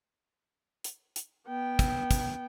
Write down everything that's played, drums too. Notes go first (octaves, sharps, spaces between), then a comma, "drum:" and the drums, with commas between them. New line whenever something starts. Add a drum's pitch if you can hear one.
drum: hi-hat
drum: hi-hat
B3 G5
drum: kick, hi-hat
drum: kick, hi-hat